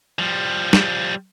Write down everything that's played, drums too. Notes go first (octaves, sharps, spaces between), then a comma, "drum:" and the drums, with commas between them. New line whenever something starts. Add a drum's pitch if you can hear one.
F3 G3
drum: snare